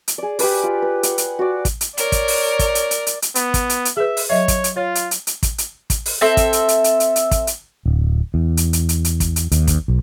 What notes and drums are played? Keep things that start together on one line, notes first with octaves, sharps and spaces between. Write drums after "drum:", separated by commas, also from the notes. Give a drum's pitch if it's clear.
drum: hi-hat
G#4 D5
G4 G#4 B4 D5, drum: open hi-hat
F4
B4
F#5, drum: hi-hat
drum: hi-hat
F#4 D5
drum: kick, hi-hat
drum: hi-hat
A#4 C#5 D5, drum: hi-hat
drum: kick, hi-hat
drum: open hi-hat
drum: kick, hi-hat
drum: hi-hat
drum: hi-hat
drum: hi-hat
drum: hi-hat
B3, drum: hi-hat
drum: kick, hi-hat
drum: hi-hat
drum: hi-hat
G#4 B4 E5
drum: open hi-hat
F#3 C#5 D#5 E5
drum: kick, hi-hat
drum: hi-hat
F4 C#5
drum: hi-hat
drum: hi-hat
drum: hi-hat
drum: kick, hi-hat
drum: hi-hat
drum: kick, hi-hat
drum: open hi-hat
C4 A4 E5
drum: kick, hi-hat
drum: hi-hat
drum: hi-hat
drum: hi-hat
drum: hi-hat
drum: hi-hat
drum: kick, hi-hat
drum: hi-hat
D1
E2
drum: hi-hat
drum: hi-hat
drum: hi-hat
drum: hi-hat
drum: kick, hi-hat
drum: hi-hat
D#2, drum: hi-hat
drum: kick, hi-hat
B1